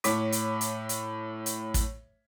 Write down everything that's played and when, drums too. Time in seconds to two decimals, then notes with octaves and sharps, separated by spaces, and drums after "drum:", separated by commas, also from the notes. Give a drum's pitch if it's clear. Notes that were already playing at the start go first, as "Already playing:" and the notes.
0.04 A2 C#5 D6 B6, drum: hi-hat
0.32 drum: hi-hat
0.61 drum: hi-hat
0.89 drum: hi-hat
1.46 drum: hi-hat
1.74 drum: kick, hi-hat